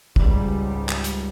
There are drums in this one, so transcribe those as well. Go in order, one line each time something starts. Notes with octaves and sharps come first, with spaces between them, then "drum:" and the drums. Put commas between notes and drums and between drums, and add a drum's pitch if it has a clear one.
C#2 G#2 G3, drum: kick
drum: clap
drum: hi-hat